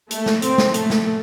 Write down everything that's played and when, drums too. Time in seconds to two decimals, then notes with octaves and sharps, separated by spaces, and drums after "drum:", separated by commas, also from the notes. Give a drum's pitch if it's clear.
0.11 A3, drum: hi-hat
0.26 drum: snare
0.42 C4, drum: hi-hat
0.58 drum: snare
0.74 A3, drum: hi-hat
0.90 drum: snare